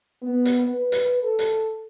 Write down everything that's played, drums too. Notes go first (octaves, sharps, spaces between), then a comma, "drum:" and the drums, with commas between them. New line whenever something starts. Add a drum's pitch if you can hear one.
B3
drum: hi-hat
B4
drum: hi-hat
A4
drum: hi-hat